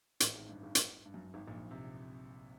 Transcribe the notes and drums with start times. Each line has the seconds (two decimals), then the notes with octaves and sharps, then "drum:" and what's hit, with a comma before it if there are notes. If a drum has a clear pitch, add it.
0.20 A1 A2, drum: hi-hat
0.34 G#1 G#2
0.49 G2
0.63 G#1 G#2
0.75 drum: hi-hat
1.06 G2
1.14 F#2
1.24 G2
1.34 G#1 G#2
1.47 A#1 A#2
1.71 C3